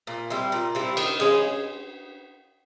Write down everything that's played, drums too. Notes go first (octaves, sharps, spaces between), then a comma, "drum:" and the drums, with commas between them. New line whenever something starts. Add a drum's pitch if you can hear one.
A#2
G3 C4 E4
A#2
G3 C4 E4
D#3, drum: cymbal
G#3 C#4